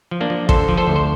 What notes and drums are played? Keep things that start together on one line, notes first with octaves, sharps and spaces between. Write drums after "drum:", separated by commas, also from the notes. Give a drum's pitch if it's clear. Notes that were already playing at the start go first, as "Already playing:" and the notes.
F3
A#3 D4
F3
D3 A4 C5, drum: kick
F3
A4 C5
D2
C5